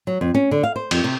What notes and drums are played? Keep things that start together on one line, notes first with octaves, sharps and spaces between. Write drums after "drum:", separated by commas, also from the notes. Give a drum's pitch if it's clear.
F#3
F2
C#4
D3
F5
C5
F2, drum: cymbal
C3